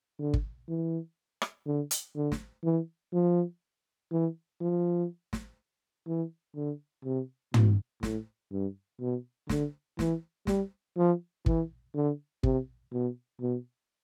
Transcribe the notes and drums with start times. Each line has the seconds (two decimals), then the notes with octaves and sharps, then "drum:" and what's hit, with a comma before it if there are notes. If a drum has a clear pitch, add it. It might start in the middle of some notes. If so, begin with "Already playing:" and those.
0.20 D3
0.34 drum: kick
0.69 E3
1.42 drum: rim click
1.66 D3
1.91 drum: hi-hat
2.16 D3
2.32 drum: snare
2.64 E3
3.13 F3
4.12 E3
4.61 F3
5.33 drum: snare
6.08 E3
6.56 D3
7.05 C3
7.54 B2, drum: tom
8.03 A2, drum: snare
8.52 G2
9.01 B2
9.49 D3, drum: snare
9.99 E3, drum: snare
10.47 G3, drum: snare
10.97 F3
11.46 E3, drum: kick
11.95 D3
12.43 C3, drum: kick
12.93 B2
13.41 B2